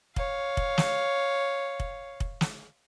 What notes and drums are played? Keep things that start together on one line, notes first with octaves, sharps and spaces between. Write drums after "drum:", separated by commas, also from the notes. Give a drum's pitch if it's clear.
C#5 F5, drum: kick
drum: kick
drum: snare
drum: kick
drum: kick
drum: snare